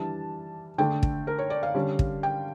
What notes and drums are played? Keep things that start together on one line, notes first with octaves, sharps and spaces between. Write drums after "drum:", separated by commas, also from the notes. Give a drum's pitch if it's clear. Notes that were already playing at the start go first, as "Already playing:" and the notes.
Already playing: E3 G3 D4 A5
D3 A3 D4 G5
drum: kick
A#4
C#5
D5
F5
D3 G3 C#4
drum: kick
G5